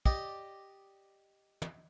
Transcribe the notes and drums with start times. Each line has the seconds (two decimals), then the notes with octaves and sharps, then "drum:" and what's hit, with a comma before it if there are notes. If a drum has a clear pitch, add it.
0.06 G4 D5 D#5, drum: kick
1.62 drum: tom